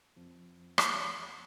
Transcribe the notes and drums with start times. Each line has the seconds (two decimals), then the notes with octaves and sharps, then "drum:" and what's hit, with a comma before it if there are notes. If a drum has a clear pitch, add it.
0.16 F2 F3 C4
0.78 drum: rim click